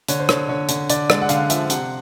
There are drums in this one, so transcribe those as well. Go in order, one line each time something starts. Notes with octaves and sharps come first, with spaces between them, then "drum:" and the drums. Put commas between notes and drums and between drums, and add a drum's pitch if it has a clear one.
D3 C#5, drum: hi-hat
C5
D3 C#5, drum: rim click
D3 C#5
D3, drum: hi-hat
D3 D5, drum: hi-hat
G#3 D5, drum: rim click
F#5
D3 F5, drum: hi-hat
F3 E5, drum: hi-hat
C3 F#5, drum: hi-hat